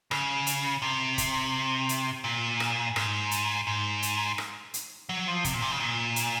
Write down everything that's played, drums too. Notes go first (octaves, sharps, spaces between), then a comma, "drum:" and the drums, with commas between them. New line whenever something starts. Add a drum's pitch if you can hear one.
C#3, drum: rim click
drum: hi-hat
C3
drum: kick, hi-hat
drum: hi-hat
A#2
drum: rim click
G#2, drum: rim click
drum: hi-hat
G#2
drum: hi-hat
drum: rim click
drum: hi-hat
F#3
F3
C3, drum: kick, hi-hat
A#2
C3
C#3
A#2
drum: hi-hat